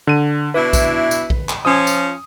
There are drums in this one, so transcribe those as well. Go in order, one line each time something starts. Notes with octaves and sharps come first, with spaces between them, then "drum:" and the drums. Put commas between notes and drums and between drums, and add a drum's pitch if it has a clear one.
D3 D#7
B2 D4 E4 B4
drum: kick A#1, tambourine
drum: tambourine
drum: kick A#1
drum: clap
F3 C#4 D#6
drum: tambourine